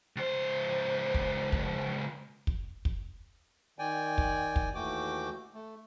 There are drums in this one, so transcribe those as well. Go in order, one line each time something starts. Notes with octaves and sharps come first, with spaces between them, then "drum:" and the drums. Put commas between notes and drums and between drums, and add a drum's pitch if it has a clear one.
C#2 C5
drum: kick
drum: kick
drum: kick
drum: kick
D#3 D5 G5 G#5
drum: kick
drum: kick
D#2 E3 A3 F#4 G5 D6
A3